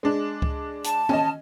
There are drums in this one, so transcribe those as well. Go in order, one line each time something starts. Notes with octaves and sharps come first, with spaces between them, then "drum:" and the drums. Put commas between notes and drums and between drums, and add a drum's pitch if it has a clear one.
G#3 D4
drum: kick C#2
A5, drum: hi-hat
C#4 D#5, drum: tom